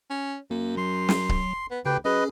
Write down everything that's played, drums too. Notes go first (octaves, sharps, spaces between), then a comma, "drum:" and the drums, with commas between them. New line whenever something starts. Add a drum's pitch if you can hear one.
C#4
F#2 A#3
F#3 C6
drum: snare
drum: kick C#1
B3
D2 C#3 G4 B4 G5
F#3 C#4 G#4 B4 D#5